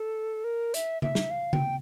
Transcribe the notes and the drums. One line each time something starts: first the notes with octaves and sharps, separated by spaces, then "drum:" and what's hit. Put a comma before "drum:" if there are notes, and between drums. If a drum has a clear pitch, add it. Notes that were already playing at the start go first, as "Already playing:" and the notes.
Already playing: A4
A#4
E5, drum: hi-hat
E5, drum: tom C#3
drum: snare
F5
G5, drum: tom C#3